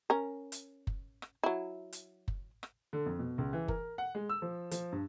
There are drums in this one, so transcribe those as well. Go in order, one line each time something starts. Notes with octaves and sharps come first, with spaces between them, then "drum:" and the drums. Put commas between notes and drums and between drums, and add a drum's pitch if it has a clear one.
C#4 A#4
drum: hi-hat
drum: kick F#1
drum: rim click
F#3 E4
drum: hi-hat
drum: kick F#1
drum: rim click
D3
F2
B2
C#2
E3
A#4, drum: kick F#1
F#5
G#3
E6
F3
F3, drum: hi-hat
G2